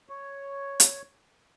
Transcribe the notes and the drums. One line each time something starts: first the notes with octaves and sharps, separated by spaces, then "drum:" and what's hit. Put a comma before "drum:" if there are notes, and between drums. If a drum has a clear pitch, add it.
C#5
drum: hi-hat